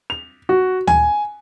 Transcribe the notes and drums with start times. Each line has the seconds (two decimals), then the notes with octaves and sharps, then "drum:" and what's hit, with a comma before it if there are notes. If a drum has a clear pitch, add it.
0.10 F7
0.49 F#4
0.87 G#5, drum: tom D2